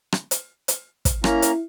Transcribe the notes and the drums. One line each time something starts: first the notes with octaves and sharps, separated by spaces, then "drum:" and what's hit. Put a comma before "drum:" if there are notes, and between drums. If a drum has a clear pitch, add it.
drum: rim click
drum: hi-hat
drum: hi-hat
drum: kick, hi-hat
A#3 C#4 E4 A#5, drum: rim click
drum: hi-hat